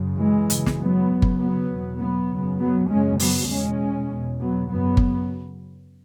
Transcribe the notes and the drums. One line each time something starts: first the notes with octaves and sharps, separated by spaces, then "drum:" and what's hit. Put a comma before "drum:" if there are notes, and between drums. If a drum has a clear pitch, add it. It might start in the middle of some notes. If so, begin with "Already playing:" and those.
Already playing: F#2 C#3
E3 G#3
F#2 C#3, drum: hi-hat
drum: snare
F#3 B3
F#2 C#3
drum: kick G1
F#3 B3
E2 B2
F#3 B3
F#2 C#3
F#3 B3
F#2 C#3 G#3 C#4
F#3 B3, drum: open hi-hat
E2 B2 G#3 C#4
E2 B2
F#3 B3
F#2 C#3 F#3 B3
drum: kick G1